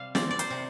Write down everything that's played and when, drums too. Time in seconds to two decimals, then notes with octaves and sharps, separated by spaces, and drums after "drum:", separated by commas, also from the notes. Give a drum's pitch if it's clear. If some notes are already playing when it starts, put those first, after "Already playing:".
Already playing: C3 G3 F5
0.15 C4 D5, drum: snare
0.31 D5
0.39 C5, drum: hi-hat
0.50 C3